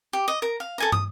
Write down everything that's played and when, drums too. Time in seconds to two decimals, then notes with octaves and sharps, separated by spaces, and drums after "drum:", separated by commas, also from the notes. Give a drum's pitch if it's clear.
0.13 G4
0.28 D#5
0.42 A#4 A#5
0.60 F5
0.78 A4 G#5 A#5
0.92 D#6, drum: tom